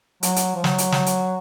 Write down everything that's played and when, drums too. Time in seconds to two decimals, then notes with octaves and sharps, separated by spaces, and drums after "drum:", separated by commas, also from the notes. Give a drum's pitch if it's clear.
0.23 F#3, drum: hi-hat
0.36 drum: hi-hat
0.55 F3
0.64 F#3, drum: snare
0.78 drum: hi-hat
0.92 drum: snare
1.06 drum: hi-hat